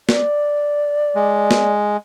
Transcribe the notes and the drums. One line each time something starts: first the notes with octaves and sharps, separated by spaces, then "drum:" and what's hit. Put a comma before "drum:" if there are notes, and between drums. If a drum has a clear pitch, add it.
D5, drum: snare
G#3
drum: snare